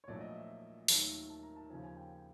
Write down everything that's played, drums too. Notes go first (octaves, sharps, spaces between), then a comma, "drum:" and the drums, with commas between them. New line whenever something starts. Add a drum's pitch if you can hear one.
C#5
A#1 A#2 F#3 A3 D5
D#5
E5
D#2 D#3 F#3 A3, drum: open hi-hat
A5
A#5
A5
D#2 C#3 F3 G#5
G#5
G5